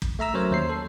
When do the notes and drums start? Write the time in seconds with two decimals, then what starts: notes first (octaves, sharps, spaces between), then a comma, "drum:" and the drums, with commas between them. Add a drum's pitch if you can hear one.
0.02 drum: kick
0.19 A3 E5 A#5 E6
0.34 F#3 C#4 A#4 C5 C#5
0.51 D#2 C5 C7
0.69 A4